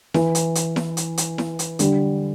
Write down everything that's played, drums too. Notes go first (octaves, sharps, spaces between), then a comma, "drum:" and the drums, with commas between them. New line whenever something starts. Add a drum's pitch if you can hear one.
E3, drum: snare E4
drum: hi-hat
drum: hi-hat
drum: snare E4
drum: hi-hat
drum: hi-hat
drum: snare E4
drum: hi-hat
D3 G3, drum: hi-hat